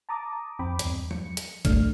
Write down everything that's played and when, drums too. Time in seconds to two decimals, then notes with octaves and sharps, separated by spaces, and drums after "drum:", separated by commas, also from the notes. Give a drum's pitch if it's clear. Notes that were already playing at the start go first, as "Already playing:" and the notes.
0.09 A5 A#5 D6 D#6
0.59 F2 C4 G5 B5 D6
0.79 E2 G2, drum: hi-hat
1.11 C#7, drum: tom F3
1.37 drum: hi-hat
1.65 G#1 G2 A3 D4 F6, drum: kick, hi-hat